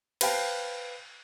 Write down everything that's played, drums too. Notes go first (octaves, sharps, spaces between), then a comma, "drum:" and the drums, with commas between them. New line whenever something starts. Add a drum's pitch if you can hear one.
B4 C5 F5 G5 A5, drum: cymbal